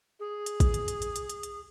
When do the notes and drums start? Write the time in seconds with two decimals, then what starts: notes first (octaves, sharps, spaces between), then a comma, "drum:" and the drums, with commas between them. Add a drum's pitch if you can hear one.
0.19 G#4
0.46 drum: hi-hat
0.60 drum: kick, hi-hat
0.74 drum: hi-hat
0.88 drum: hi-hat
1.02 drum: hi-hat
1.16 drum: hi-hat
1.29 drum: hi-hat
1.43 drum: hi-hat